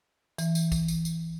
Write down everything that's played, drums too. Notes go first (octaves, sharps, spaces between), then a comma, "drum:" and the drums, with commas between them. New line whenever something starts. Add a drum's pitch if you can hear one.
E3, drum: tambourine
drum: tambourine
drum: kick, tambourine
drum: tambourine
drum: tambourine